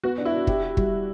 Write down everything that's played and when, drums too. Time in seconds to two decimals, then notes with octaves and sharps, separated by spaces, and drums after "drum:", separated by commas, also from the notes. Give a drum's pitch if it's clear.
0.03 B3 F#4
0.18 D4
0.25 E4
0.33 D4
0.47 G4, drum: kick
0.62 G4
0.77 G3, drum: kick